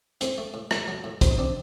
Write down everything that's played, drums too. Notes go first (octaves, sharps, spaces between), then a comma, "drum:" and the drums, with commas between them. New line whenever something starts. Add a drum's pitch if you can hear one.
A2 C4, drum: hi-hat
A3
A2
A3, drum: rim click
F#3
A2
F2 C4, drum: kick, hi-hat
D#4
C4 D4